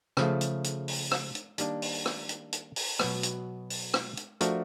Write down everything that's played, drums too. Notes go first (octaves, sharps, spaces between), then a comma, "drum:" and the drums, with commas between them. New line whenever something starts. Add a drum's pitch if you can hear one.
C#3 F3 A3, drum: rim click
drum: hi-hat
drum: hi-hat
drum: open hi-hat
drum: rim click
drum: hi-hat
D#3 G3 A#3 D4, drum: hi-hat
drum: open hi-hat
drum: rim click
drum: hi-hat
drum: hi-hat
drum: open hi-hat
B2 F#3 B3, drum: rim click
drum: hi-hat
drum: open hi-hat
drum: rim click
drum: hi-hat
F3 A3 D4 F#4 A#4, drum: hi-hat